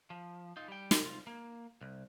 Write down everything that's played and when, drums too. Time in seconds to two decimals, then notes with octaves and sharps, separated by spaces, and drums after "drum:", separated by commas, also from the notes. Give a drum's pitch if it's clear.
0.10 F3
0.57 D#4 F4
0.68 G3 G5
0.91 drum: snare
1.02 C2 F4
1.27 A#3
1.81 C2